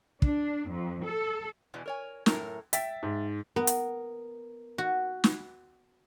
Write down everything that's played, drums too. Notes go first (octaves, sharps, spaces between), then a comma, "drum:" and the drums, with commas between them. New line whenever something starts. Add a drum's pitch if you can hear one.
D4, drum: kick
F2
A4
E2 B2 E3
A#4 C#5 G#5
F#2 A2 A#4, drum: snare
E5 G5 A6 B6, drum: hi-hat
G#2
B3 A#4
drum: hi-hat
F#4
drum: snare